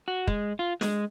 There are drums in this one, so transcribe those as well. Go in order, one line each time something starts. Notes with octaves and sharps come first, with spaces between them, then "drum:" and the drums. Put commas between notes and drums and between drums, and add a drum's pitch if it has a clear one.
F#4
G#3, drum: kick
F4
G#3, drum: snare